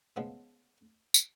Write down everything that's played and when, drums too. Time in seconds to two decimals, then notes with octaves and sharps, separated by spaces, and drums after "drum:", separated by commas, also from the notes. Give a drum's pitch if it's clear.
0.16 C#3 F3 G#3 B3
1.14 drum: tambourine